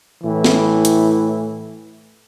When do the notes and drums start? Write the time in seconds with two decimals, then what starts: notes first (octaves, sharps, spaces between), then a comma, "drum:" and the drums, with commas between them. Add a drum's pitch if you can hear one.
0.23 A2 E3
0.44 drum: snare
0.85 drum: hi-hat